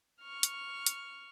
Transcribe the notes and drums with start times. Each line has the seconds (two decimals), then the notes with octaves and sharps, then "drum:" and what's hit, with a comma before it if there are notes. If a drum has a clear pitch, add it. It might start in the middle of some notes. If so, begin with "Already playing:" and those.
0.22 C#6 F6
0.43 drum: hi-hat
0.86 drum: hi-hat